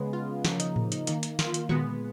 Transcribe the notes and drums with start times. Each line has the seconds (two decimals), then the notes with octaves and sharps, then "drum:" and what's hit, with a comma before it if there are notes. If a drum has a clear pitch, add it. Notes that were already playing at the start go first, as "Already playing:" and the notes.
Already playing: C#3 G#3 B3
0.13 F4
0.45 C#3 F3 A#3 F#4, drum: snare
0.60 D#4, drum: hi-hat
0.76 drum: tom A2
0.92 D#4, drum: hi-hat
1.07 D#3 A#3 D#4, drum: hi-hat
1.23 drum: hi-hat
1.39 F4, drum: snare
1.54 drum: hi-hat
1.69 A#2 G#3 B3 F#4, drum: tom D3